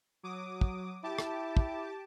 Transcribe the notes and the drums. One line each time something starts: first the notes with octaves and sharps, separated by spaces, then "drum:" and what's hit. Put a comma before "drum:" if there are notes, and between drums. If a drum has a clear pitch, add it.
F#3 D6 D#6
drum: kick
E4 G4 A5 D6
drum: rim click
drum: kick